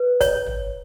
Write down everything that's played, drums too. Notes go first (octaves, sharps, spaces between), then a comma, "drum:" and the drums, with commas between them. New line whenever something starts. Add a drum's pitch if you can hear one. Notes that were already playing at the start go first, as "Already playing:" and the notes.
Already playing: B4
C#5, drum: kick, hi-hat
drum: tom